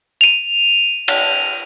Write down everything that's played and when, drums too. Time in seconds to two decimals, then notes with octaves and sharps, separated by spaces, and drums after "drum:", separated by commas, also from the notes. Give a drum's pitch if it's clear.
0.21 D#7 F7
1.08 drum: cymbal